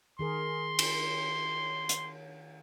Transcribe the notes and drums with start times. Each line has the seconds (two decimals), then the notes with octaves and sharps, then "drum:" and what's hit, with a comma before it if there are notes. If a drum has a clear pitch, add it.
0.19 D#3 G#4 A#4 C6
0.79 drum: cymbal
1.89 drum: hi-hat